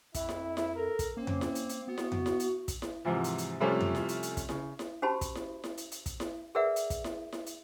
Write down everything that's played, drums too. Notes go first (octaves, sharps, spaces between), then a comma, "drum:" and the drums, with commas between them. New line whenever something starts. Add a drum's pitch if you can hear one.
F2 E4 E5, drum: kick, hi-hat
drum: snare E4
drum: snare E4
A4 A#4
drum: kick, hi-hat
A#3 C4 C#4
drum: tom F2
drum: snare E4
drum: hi-hat
drum: hi-hat
B3 F#4
drum: snare E4
drum: tom F2
drum: snare E4
drum: hi-hat
drum: kick, hi-hat
drum: snare E4
G#2 C3 E3 F3
drum: hi-hat
drum: hi-hat
C3 F3 G3 A3 C#4 F4
drum: tom F2
drum: snare E4
drum: hi-hat
drum: hi-hat
drum: kick, hi-hat
C#3, drum: snare E4
drum: snare E4
C#4 F#4 G4 C5 A5 B5
drum: kick, hi-hat
drum: snare E4
drum: snare E4
drum: hi-hat
drum: hi-hat
drum: kick, hi-hat
drum: snare E4
G#4 A#4 B4 D5 E5 F#5
drum: hi-hat
drum: kick, hi-hat
drum: snare E4
drum: snare E4
drum: hi-hat